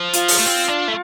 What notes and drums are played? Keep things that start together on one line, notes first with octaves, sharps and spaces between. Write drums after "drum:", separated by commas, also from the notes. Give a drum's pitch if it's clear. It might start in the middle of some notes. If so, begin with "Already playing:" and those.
Already playing: F3
F4, drum: hi-hat
drum: open hi-hat
A3
C4
D4
A3